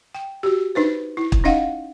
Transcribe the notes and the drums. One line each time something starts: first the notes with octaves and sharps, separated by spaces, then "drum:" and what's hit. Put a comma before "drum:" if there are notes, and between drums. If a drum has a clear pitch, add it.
G5
F#4 G4
D4 D#4 B4 C5
E4
drum: kick
C#4 D#4 D#5 F5 F#5